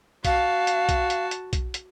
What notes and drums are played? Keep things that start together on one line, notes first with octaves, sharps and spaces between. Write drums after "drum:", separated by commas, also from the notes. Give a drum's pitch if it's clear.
F#4 F5 A5, drum: kick B1, hi-hat
drum: hi-hat
drum: kick B1, hi-hat
drum: hi-hat
drum: hi-hat
drum: kick B1, hi-hat
drum: hi-hat